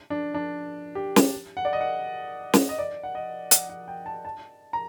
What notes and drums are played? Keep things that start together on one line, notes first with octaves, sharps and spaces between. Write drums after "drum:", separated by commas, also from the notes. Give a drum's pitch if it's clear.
D4
D4
G4
drum: snare
F#5
D5
D#5
F#5
drum: snare
D#5
D5
F#5
D#5
F#5, drum: hi-hat
F#5
G5
A5
A5
A#5